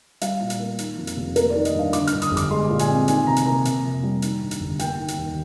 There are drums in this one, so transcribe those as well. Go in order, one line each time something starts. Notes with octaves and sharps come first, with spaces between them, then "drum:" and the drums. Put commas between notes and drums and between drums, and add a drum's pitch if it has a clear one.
G3 F5, drum: hi-hat
A#2
drum: hi-hat
A#3
D#3, drum: hi-hat
F2
drum: hi-hat
F1
A#3 A#4, drum: hi-hat
D5
D#3
D#5, drum: hi-hat
G2 F5
D3 D6, drum: hi-hat
G2 F6, drum: hi-hat
D#6, drum: hi-hat
G1
D6, drum: hi-hat
G#3 C6
A#2
G#5, drum: hi-hat
C4
D#3 G#5, drum: hi-hat
C3 A#5
drum: hi-hat
A#3 A#5
C3, drum: hi-hat
F2
G3
D#3, drum: hi-hat
G2
drum: hi-hat
G1
A#3 G5, drum: hi-hat
D#3
drum: hi-hat
D#2